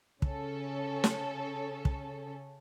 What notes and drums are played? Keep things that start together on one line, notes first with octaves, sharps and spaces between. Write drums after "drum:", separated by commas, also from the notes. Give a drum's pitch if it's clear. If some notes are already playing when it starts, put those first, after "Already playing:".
C#3 C#4 A4, drum: kick
drum: snare
drum: kick